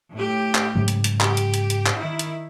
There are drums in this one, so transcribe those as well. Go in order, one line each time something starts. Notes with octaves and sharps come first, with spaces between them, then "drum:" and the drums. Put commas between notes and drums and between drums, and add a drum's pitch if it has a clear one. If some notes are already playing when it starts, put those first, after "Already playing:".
A2 G4
drum: clap
G#2 C#3 F#3
drum: hi-hat
drum: hi-hat
G4, drum: clap
drum: hi-hat
drum: hi-hat
drum: hi-hat
drum: clap
D#3 E4
drum: hi-hat